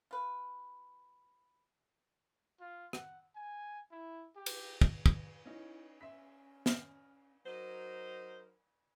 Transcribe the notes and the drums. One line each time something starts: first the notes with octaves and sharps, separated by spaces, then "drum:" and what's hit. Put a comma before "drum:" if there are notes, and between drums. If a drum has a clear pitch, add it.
F4 B4
F4
F#5, drum: rim click
G#5
E4
G4
drum: cymbal
drum: kick
drum: kick
C#4 D#4 E4
C#4 E5 C6 B6
F6, drum: snare
F#3 D#4 A#4 C5